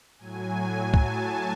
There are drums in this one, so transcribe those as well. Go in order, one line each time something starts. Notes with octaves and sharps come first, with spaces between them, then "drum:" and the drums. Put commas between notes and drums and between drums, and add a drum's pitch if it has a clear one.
A2 F#3 G#5
A5, drum: kick